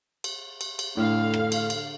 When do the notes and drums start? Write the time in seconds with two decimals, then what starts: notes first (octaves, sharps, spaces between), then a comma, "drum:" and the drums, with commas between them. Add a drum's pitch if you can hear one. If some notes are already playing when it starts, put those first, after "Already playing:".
0.24 drum: cymbal
0.61 drum: cymbal
0.79 drum: cymbal
0.97 A2 D3 F5
1.34 drum: rim click
1.52 drum: cymbal
1.70 drum: cymbal